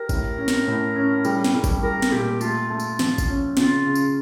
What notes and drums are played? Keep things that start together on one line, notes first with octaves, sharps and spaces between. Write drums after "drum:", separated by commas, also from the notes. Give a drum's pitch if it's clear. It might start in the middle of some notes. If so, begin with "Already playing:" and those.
Already playing: G4 A#4
A2, drum: kick G#1, tambourine
C#4
drum: snare
A2
C#4
G3, drum: tambourine
drum: snare
G3
drum: kick G#1, tambourine
G3 A#4
drum: snare
A#2 G4
A3 F4, drum: tambourine
A3
drum: tambourine
F3, drum: snare
drum: kick G#1, tambourine
C#4
C#3 F4, drum: snare
C#3
drum: tambourine